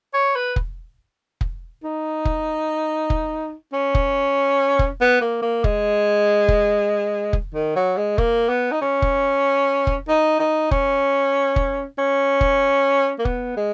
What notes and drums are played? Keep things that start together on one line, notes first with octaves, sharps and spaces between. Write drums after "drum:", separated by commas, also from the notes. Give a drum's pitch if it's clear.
C#5
B4
drum: kick
drum: kick
D#4
drum: kick
drum: kick
C#4
drum: kick
drum: kick
B3
A#3
A#3
G#3, drum: kick
drum: kick
drum: kick
D#3
F#3
G#3
A#3, drum: kick
B3
D#4
C#4
drum: kick
drum: kick
D#4
D#4
C#4, drum: kick
drum: kick
C#4
drum: kick
A#3
B3, drum: kick
G#3